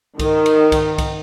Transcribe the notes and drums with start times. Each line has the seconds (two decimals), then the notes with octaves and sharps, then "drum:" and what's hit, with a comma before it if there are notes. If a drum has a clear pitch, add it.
0.19 D#3, drum: kick C2, cymbal
0.46 drum: cymbal
0.72 drum: kick C2, cymbal
0.98 drum: kick C2, cymbal